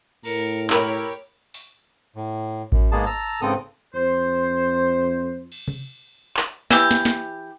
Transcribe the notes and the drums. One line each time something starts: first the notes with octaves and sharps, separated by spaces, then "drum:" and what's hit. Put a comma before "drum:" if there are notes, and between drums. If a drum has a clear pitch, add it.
A2 A#4 C#7, drum: cymbal
E4 G4 A#4 C#5 B5, drum: clap
drum: open hi-hat
A2
F#2, drum: kick A1
G#2 G#3 A#3 B3 G#4 A5
A5 A#5 E6
G#2 C#3 B3 C4 A4 D#6
F2 C5
drum: cymbal
drum: tom C3
drum: clap
E3 G4, drum: snare
drum: snare
drum: snare